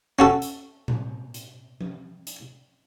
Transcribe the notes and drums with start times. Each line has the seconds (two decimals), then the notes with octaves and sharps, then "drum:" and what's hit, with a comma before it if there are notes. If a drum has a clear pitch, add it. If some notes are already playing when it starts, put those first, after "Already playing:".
0.19 C#4 F#4 A4
0.42 drum: hi-hat
0.88 drum: tom A2
1.34 drum: hi-hat
1.81 drum: tom F3
2.27 drum: hi-hat